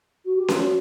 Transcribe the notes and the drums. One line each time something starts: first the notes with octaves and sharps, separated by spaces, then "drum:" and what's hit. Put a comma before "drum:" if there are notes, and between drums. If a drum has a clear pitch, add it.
F#4
G4
F4, drum: snare C#4
F#4